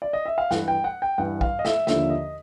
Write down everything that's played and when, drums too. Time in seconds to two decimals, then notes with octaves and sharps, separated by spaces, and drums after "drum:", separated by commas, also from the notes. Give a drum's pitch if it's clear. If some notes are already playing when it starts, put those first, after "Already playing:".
0.02 D5
0.13 D#5
0.26 E5
0.38 F5
0.51 G2 E3 F#5, drum: snare
0.68 G5
0.84 F#5
1.02 G5
1.18 G2 E3 F#5
1.41 F5, drum: kick
1.59 D#5
1.65 E5, drum: snare
1.87 D#2 D3 F3 E5, drum: snare
2.10 D#5